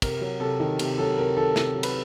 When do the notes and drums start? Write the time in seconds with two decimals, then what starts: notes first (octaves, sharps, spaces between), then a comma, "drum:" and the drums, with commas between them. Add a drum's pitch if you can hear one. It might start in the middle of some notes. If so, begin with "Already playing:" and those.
0.02 C3 A#4, drum: kick, cymbal
0.21 F#3
0.40 C3 A4
0.60 D#3
0.79 C3, drum: cymbal
0.98 F#3 A4
1.18 C3 A#4
1.37 D#3 A4
1.56 C3 A4, drum: snare
1.75 F#3
1.83 B4, drum: cymbal